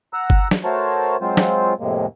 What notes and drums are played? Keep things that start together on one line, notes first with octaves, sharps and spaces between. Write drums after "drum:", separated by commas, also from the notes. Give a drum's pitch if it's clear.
F#5 A#5 E6
drum: kick G1
drum: snare
A3 F#4 A#4 C5 C#5 A5
F#3 G#3 C4 F4 C5
drum: snare
F2 A2 C3 G#3 A#3